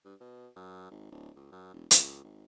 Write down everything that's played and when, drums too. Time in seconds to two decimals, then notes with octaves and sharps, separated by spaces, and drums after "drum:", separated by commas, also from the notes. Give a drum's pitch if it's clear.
0.05 G2
0.20 B2
0.56 F#2
0.91 G#1
1.11 D1
1.36 C#2
1.52 F#2
1.74 E1
1.91 C#2, drum: hi-hat
2.24 G#1